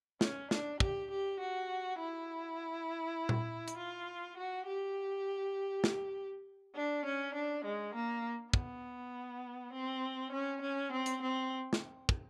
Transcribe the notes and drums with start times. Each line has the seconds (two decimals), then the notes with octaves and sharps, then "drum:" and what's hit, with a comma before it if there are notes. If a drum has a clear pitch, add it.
0.21 C#4, drum: snare
0.51 D4, drum: snare
0.80 G4, drum: kick
1.11 G4
1.40 F#4
1.99 E4
3.29 drum: tom A#2
3.68 drum: hi-hat
3.78 F4
4.37 F#4
4.67 G4
5.84 drum: snare
6.76 D4
7.06 C#4
7.34 D4
7.65 G#3
7.95 A#3
8.54 B3, drum: kick
9.73 C4
10.32 C#4
10.62 C#4
10.92 C4
11.06 drum: hi-hat
11.22 C4
11.73 drum: snare
12.09 drum: kick